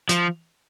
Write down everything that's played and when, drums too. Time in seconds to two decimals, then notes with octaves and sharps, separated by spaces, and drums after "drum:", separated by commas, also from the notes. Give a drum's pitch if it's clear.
0.09 F3, drum: hi-hat